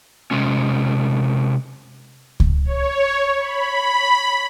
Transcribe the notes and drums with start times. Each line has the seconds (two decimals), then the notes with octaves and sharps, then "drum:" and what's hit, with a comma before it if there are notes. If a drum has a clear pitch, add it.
0.31 C3 G#3 C#4
2.40 drum: kick C#2
2.65 C#5
3.39 B5